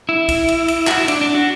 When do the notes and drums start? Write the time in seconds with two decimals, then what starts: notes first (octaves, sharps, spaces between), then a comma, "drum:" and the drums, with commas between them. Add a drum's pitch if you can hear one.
0.09 E4
0.29 drum: kick C2, cymbal
0.48 drum: cymbal
0.68 drum: cymbal
0.87 F#4, drum: clap
0.98 E4
1.08 D4, drum: cymbal
1.21 D4
1.34 F#4